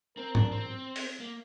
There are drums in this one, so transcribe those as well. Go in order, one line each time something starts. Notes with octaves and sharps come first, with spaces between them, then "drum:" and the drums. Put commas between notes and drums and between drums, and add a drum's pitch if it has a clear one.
C4 A#4
D4, drum: tom
C4
drum: open hi-hat
A#3